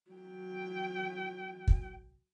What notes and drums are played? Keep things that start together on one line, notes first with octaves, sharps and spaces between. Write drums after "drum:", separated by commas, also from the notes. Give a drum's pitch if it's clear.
F#3 G5
drum: kick